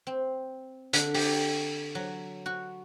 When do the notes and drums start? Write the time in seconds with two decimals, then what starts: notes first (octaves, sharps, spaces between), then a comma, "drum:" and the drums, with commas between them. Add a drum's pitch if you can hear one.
0.07 C4
0.93 D3, drum: hi-hat
1.14 G4, drum: open hi-hat
1.95 F#3
2.46 F#4